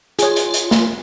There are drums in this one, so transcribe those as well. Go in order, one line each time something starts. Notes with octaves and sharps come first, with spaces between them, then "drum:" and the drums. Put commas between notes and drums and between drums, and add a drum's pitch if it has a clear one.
F4 G#4 C#5, drum: hi-hat
drum: hi-hat
drum: hi-hat
drum: snare